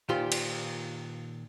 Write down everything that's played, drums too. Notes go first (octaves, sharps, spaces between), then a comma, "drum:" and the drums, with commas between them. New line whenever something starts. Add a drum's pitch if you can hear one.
A#2 D#3 F4 G4 C5 C6
drum: cymbal